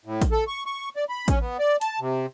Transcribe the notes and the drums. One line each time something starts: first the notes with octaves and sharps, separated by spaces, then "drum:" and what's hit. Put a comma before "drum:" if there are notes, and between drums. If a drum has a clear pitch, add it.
A2
drum: kick A1, hi-hat
A4
C#6
C#6
D5
B5
C#4, drum: kick A1, hi-hat
B3
D5
A5, drum: hi-hat
C3